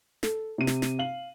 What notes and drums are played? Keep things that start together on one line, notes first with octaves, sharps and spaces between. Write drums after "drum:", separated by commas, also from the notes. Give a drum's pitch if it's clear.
A4, drum: snare
C3 D#7
drum: snare
drum: snare
F5 F#7